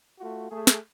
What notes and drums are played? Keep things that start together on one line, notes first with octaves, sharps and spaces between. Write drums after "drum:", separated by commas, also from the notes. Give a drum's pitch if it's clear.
A3 F4 F#4
A3 G#4
drum: snare